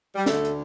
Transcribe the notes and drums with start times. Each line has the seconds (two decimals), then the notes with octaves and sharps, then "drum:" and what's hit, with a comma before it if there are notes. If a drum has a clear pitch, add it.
0.15 G3
0.26 D2 D3 A3, drum: snare
0.45 drum: hi-hat